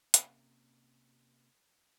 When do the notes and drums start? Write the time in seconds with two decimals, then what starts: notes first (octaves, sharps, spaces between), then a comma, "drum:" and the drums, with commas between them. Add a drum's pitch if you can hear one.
0.14 C3 A#3 C#4, drum: hi-hat